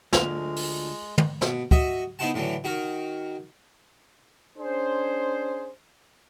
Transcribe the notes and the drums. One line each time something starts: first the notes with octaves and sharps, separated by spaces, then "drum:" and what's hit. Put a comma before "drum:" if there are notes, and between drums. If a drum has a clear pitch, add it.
D2 G#3 F4 F7, drum: snare
drum: open hi-hat
drum: tom
B2, drum: snare
F#4 D#5 E5, drum: kick
B3 D#4 E4 C5 F#5 A5
A2 D3 E3 F#3
D#3 F#4 A#4
C#4 D4 G#4 C5